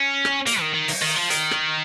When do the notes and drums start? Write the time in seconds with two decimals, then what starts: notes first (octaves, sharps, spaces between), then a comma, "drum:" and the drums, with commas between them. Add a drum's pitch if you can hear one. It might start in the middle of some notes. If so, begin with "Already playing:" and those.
Already playing: C#4
0.25 drum: rim click
0.46 A#3, drum: hi-hat
0.60 D#3
0.74 D#3
0.88 drum: open hi-hat
1.02 D#3
1.16 F3
1.30 D#3, drum: hi-hat
1.51 drum: rim click